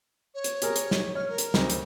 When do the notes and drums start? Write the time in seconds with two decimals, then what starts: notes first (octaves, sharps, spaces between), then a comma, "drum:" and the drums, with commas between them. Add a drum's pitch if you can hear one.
0.34 C#5
0.44 drum: hi-hat
0.62 G4 G#4 A#4, drum: hi-hat
0.76 drum: hi-hat
0.91 drum: snare
1.15 C#5 F6
1.29 A#4
1.38 drum: hi-hat
1.54 D2 C4, drum: snare
1.70 drum: hi-hat